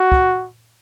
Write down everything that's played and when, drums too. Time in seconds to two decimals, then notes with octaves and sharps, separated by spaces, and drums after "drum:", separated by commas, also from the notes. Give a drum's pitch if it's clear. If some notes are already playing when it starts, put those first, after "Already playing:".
Already playing: F#4
0.12 drum: kick